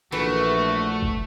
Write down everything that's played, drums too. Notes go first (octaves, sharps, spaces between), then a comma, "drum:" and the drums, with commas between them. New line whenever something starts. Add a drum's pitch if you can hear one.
A#1 E3 A3 F#4
drum: kick F1